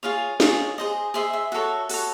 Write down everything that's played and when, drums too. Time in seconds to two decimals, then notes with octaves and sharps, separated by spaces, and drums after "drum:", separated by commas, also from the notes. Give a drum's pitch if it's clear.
0.03 F4 G#4 C#5 F5
0.40 F4 G#4 C#5 D#5, drum: snare
0.78 G#4 C5 D#5
1.14 G#4 C5 D#5 E5
1.33 E5
1.52 F#4 A4 C#5
1.89 F#4 A4 C#5, drum: open hi-hat